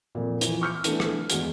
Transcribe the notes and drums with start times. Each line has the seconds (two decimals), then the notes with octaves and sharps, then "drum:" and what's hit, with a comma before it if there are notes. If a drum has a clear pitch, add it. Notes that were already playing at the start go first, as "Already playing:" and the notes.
0.15 F2 A#2
0.41 E3 F3, drum: hi-hat
0.61 C#6 D6 F6 G6 C#7
0.84 E3 A3 B3 D4, drum: hi-hat
1.00 drum: rim click
1.30 E2 G#3 F#4, drum: hi-hat